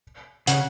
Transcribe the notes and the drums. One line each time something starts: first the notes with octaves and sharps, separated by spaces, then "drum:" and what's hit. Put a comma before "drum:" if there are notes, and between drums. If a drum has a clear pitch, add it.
C#3 F#5, drum: hi-hat